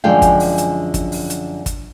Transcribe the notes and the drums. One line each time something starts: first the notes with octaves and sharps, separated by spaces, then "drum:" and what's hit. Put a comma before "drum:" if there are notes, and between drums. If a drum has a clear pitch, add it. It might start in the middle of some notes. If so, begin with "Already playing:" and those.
F#2 D3 F3 G#3 F5 G5
drum: kick, hi-hat
drum: open hi-hat
drum: hi-hat
drum: kick, hi-hat
drum: open hi-hat
drum: hi-hat
drum: kick, hi-hat